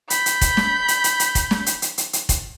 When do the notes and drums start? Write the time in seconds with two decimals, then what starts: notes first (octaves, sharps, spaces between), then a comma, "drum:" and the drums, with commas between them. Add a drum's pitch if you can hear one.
0.10 B5 G6, drum: hi-hat
0.26 drum: hi-hat
0.41 drum: kick F1, hi-hat
0.57 drum: snare
0.88 drum: hi-hat
1.04 drum: hi-hat
1.20 drum: hi-hat
1.35 drum: kick F1, hi-hat
1.51 drum: snare
1.66 drum: hi-hat
1.82 drum: hi-hat
1.98 drum: hi-hat
2.13 drum: hi-hat
2.29 drum: kick F1, hi-hat